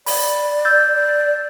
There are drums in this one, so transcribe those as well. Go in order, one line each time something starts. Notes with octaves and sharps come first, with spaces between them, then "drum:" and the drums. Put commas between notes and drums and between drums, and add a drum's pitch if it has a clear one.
D5 B5, drum: open hi-hat
E6 G6 A6
D5